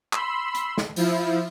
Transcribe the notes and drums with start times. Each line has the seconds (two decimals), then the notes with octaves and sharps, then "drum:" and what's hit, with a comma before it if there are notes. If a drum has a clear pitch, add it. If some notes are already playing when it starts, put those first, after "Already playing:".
0.13 B5 C6 E6, drum: clap
0.55 drum: hi-hat
0.78 drum: snare
0.96 F3 E4, drum: open hi-hat